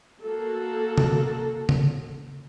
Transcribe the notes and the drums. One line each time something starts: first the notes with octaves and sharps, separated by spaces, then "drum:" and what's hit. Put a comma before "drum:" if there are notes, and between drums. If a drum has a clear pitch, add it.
A#3 F#4 A4
drum: tom C3
drum: tom C#3